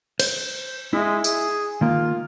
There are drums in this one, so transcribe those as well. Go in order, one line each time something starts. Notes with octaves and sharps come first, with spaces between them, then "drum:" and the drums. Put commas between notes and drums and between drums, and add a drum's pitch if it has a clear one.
C5, drum: cymbal
G#3 E4 E5
G#4, drum: tambourine
D#3 A#3 F4